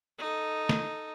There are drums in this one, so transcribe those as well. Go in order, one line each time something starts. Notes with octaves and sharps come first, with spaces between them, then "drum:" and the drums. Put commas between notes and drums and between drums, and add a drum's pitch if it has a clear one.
D#4 A4
drum: snare